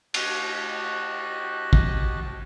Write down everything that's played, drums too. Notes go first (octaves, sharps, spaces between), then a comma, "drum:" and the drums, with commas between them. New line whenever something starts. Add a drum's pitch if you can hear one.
F#4 G4 D#5 A5 F#6, drum: cymbal
drum: kick